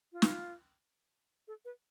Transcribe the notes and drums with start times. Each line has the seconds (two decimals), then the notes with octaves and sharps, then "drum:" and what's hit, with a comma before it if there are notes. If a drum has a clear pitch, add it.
0.13 F4
0.22 drum: snare
1.48 A4
1.65 B4